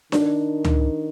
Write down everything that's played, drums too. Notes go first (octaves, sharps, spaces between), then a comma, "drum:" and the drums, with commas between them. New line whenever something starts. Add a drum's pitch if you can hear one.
D#3 D4, drum: snare D4
drum: tom C#2